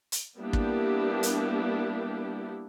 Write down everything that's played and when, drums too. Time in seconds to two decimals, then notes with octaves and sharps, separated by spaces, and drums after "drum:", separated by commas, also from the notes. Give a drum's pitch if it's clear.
0.12 drum: hi-hat
0.39 G3 A#3 B3 D4 E4 G4
0.53 drum: kick
1.23 drum: hi-hat